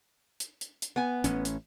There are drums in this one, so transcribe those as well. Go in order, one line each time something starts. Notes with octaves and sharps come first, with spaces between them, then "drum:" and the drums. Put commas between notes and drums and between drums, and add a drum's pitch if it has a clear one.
drum: hi-hat
drum: hi-hat
drum: hi-hat
B3 G#5
A1 C#4, drum: hi-hat
drum: hi-hat